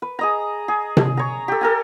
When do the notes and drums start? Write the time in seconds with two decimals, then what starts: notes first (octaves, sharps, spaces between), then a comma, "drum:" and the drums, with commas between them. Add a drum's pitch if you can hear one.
0.02 B4
0.19 G#4 D#5 A#5
0.68 G#4
0.97 drum: tom C3
1.17 C#5 A#5
1.48 G4 A4
1.61 A4 A#4 G#5